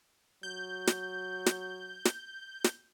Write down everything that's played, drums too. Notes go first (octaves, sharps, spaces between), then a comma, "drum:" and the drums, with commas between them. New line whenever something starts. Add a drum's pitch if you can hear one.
F#3 G6
drum: snare
drum: snare
drum: snare
drum: snare